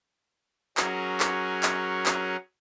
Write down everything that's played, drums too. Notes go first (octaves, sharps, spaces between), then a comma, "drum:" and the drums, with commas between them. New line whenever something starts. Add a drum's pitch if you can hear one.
F#3 C#4 F#4 G#4 A#4, drum: clap
drum: clap
drum: clap
drum: clap